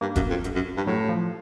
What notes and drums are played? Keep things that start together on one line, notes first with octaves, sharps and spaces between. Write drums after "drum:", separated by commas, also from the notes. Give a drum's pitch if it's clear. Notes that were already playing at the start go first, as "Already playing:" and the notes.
G2 A#3
F#2, drum: kick E1, hi-hat
F2
F#2, drum: hi-hat
F#2
G2
A2 F#3
F3